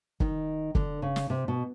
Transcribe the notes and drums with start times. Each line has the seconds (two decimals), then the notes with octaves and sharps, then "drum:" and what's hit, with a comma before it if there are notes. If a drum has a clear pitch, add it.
0.20 D#3, drum: kick
0.75 D3, drum: kick
1.02 C#3
1.16 drum: snare
1.30 C3
1.48 B2